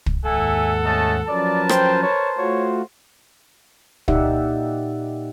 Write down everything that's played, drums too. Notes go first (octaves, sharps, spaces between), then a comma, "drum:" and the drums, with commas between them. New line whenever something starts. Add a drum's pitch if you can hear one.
drum: kick
D#2 G#2 A4 E5 F#5 G#5
A3 C#4 D#5 A5
F3 F#3 C#4 A#4 B4 D5 A5
C5 G5, drum: rim click
C5 C#5
A3 F4 F#4 C#5
A#2 D#4 G4 D5 E5 F#5, drum: kick